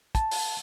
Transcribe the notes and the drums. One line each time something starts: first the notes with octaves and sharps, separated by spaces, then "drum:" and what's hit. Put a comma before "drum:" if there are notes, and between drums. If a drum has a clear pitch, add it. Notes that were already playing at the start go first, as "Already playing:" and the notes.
A5, drum: kick, hi-hat
drum: open hi-hat